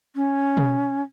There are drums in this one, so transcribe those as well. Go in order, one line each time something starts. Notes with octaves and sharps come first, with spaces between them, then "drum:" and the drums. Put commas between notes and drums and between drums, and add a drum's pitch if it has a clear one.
C#4
drum: tom B2